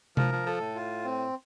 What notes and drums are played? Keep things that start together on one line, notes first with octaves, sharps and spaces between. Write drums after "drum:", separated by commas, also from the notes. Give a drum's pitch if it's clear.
F3 A#4, drum: tom C3
F3
F3 A4
A2
F4
C4